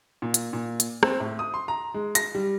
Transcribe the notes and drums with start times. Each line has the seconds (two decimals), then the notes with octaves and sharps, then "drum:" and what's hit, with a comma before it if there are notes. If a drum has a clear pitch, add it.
0.22 A#2
0.34 drum: hi-hat
0.53 A#2
0.80 drum: hi-hat
1.03 C4, drum: rim click
1.20 A2
1.39 D#6
1.54 C6
1.68 A#5
1.94 G#3
2.15 A#6, drum: hi-hat
2.35 G3